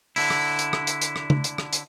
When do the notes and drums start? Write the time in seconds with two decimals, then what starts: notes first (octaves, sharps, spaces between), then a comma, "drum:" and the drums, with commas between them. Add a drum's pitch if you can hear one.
0.16 D3 E4, drum: open hi-hat
0.30 drum: rim click
0.59 drum: hi-hat
0.73 drum: rim click
0.87 drum: hi-hat
1.01 drum: hi-hat
1.16 drum: rim click
1.30 drum: tom C#3
1.44 drum: hi-hat
1.58 drum: rim click
1.73 drum: hi-hat